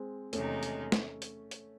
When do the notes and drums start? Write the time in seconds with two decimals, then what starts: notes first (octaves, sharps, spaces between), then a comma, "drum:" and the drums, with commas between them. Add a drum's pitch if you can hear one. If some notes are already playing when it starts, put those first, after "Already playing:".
Already playing: G#3 C4
0.33 E2 C3 D#3 G#3 A3 C#4 D#4, drum: hi-hat
0.63 drum: hi-hat
0.92 drum: snare
1.22 drum: hi-hat
1.51 drum: hi-hat